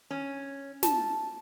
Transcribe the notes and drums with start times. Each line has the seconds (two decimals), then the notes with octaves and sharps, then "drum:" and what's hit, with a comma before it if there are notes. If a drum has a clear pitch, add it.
0.11 C#4
0.83 A5, drum: snare